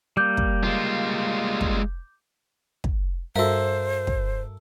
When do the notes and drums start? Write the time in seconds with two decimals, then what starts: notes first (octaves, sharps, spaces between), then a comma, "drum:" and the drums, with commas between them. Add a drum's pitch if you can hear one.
0.17 G3 A#3 D6 G6
0.37 drum: kick
0.63 G#3 F4
1.61 drum: kick
2.84 drum: kick
3.36 G2 F#4 A4 A#4 C5 E5 F5
4.07 drum: kick